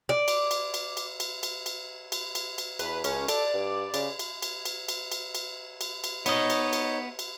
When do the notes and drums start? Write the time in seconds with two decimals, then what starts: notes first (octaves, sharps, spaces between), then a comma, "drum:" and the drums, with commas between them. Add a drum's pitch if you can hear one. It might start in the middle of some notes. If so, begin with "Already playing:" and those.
0.09 D5
0.28 drum: cymbal
0.51 drum: cymbal
0.74 drum: cymbal
0.97 drum: cymbal
1.20 drum: cymbal
1.43 drum: cymbal
1.66 drum: cymbal
2.12 drum: cymbal
2.35 drum: cymbal
2.58 drum: cymbal
2.79 E2 B4, drum: cymbal
3.04 C#2 C#4, drum: cymbal
3.28 A4 D5, drum: cymbal
3.54 G2
3.94 C#3, drum: cymbal
4.19 drum: cymbal
4.42 drum: cymbal
4.65 drum: cymbal
4.89 drum: cymbal
5.12 drum: cymbal
5.35 drum: cymbal
5.81 drum: cymbal
6.04 drum: cymbal
6.26 B3 D#4 C#5 D#5, drum: cymbal
6.50 drum: cymbal
6.73 drum: cymbal
7.19 drum: cymbal